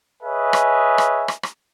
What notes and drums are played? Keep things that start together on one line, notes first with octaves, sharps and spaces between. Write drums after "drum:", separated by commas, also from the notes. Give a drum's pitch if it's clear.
G#4 B4 C#5 D#5 E5 G#5
drum: rim click
drum: rim click
drum: rim click
drum: rim click